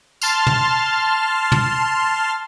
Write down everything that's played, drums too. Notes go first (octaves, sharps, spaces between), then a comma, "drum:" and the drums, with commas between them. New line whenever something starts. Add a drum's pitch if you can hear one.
A5 C6 F6, drum: tambourine
drum: tom
drum: tom